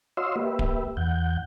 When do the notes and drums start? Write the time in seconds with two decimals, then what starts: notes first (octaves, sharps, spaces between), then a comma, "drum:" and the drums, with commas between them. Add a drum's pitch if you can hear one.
0.17 F#4 C#5 D#5 F5 C6 E6
0.36 A#3 G4 B4 E5
0.59 drum: kick D1
0.97 E2 F#5 G6